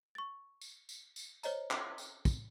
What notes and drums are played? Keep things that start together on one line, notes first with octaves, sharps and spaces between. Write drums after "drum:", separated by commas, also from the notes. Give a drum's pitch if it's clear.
C#6 A6
drum: tambourine
drum: tambourine
drum: tambourine
C5 C#5 D#5 A#5, drum: tambourine
drum: clap
drum: tambourine
drum: kick, tambourine